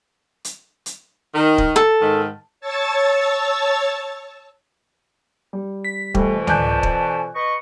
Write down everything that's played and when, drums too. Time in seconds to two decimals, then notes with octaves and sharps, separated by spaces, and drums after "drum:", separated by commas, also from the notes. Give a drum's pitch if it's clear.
0.45 drum: hi-hat
0.86 drum: hi-hat
1.35 D#3
1.58 drum: kick
1.76 A4
2.01 G#2 D#3
2.60 C#5 A5 C#6 E6 A6
5.53 G3
5.85 B6
6.15 F2 B2 E3 G3 A3, drum: kick
6.47 D5 G#5 A5 F#6 G6, drum: tom C#2
6.83 drum: kick
7.35 B4 D#5 C#6